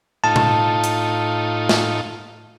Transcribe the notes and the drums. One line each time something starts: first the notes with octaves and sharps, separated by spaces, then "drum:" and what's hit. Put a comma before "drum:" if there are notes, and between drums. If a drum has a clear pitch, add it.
A2 D#4 F4 A5
drum: tom B2
drum: hi-hat
drum: snare